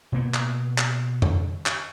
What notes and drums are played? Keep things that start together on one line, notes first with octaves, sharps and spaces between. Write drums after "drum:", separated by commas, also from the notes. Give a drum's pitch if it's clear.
B2 A#3 B3
drum: clap
drum: clap
drum: tom F2
drum: clap